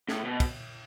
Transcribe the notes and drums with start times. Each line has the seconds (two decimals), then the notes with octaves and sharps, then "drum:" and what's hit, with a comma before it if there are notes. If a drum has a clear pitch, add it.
0.09 A2, drum: snare
0.25 B2
0.40 drum: kick, cymbal